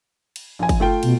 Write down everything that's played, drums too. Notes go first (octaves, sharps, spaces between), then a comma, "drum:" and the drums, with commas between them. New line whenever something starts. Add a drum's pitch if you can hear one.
drum: cymbal
A#1 G#5
drum: kick, cymbal
A3 F4 G5
B2, drum: cymbal